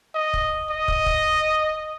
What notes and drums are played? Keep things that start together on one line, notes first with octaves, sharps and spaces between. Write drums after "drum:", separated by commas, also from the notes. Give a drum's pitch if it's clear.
D#5
drum: kick
D#5
drum: kick
drum: kick